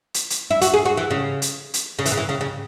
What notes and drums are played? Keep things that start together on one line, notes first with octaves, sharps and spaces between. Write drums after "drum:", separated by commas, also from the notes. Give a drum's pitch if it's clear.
drum: hi-hat
drum: hi-hat
E4
F#4, drum: hi-hat
G#4
F#4
E3
C#3
drum: hi-hat
drum: hi-hat
C#3
E3, drum: hi-hat
C#3
E3
C#3
C#3